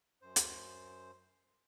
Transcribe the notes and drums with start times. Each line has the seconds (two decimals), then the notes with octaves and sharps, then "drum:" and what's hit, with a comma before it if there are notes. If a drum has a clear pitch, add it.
0.22 F#2 C5
0.36 drum: hi-hat